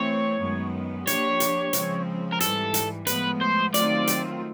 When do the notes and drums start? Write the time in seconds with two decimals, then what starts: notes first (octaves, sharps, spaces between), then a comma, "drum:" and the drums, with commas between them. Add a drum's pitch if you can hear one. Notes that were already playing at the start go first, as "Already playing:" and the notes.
Already playing: E3 A3 C4 C#5
0.40 F#2 D#3 G#3 B3
1.07 F3 A#3 D4 G4 C#5, drum: hi-hat
1.40 drum: hi-hat
1.73 C#3 F3 G#3 C4, drum: hi-hat
2.33 A#4
2.40 G#2 E3 G3 A4, drum: hi-hat
2.74 drum: hi-hat
3.07 A2 F3 G#3 B3 B4, drum: hi-hat
3.41 C5
3.74 D#3 F#3 A3 C4 F4 D5, drum: hi-hat
4.07 drum: hi-hat